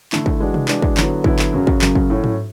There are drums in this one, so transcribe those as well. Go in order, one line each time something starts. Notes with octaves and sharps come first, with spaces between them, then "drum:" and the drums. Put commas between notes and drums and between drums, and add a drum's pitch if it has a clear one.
D3 A3 E4, drum: clap
drum: kick
E3 G#3 D4 F#4
drum: tom C3
E3 G#3 D4 F#4, drum: clap
drum: kick
D3 F#3 B3 E4, drum: clap
D3 F#3 B3 E4, drum: kick
drum: clap
F#2 C#3 F#3
drum: kick
F#2 C#3 F#3, drum: clap
drum: kick
A2 F#3 C#4 F#4
drum: tom G#2